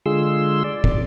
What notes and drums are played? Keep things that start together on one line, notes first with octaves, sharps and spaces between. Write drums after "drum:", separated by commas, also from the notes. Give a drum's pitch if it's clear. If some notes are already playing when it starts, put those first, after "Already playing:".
D3 G#3 F4 G#4 C6 E6
D5
drum: kick